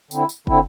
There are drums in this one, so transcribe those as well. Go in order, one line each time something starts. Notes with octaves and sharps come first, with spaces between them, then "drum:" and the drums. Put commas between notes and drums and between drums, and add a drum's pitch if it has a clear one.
D3 C4 E4, drum: tambourine
drum: tambourine
D3 C4 E4, drum: kick